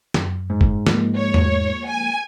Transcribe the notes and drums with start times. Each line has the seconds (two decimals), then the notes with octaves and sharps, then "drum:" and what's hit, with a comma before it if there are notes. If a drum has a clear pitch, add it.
0.14 F#2, drum: snare
0.50 G#2
0.61 drum: kick
0.87 F3 G#3 A#3, drum: snare
1.15 C#5
1.34 drum: tom E2
1.88 G#5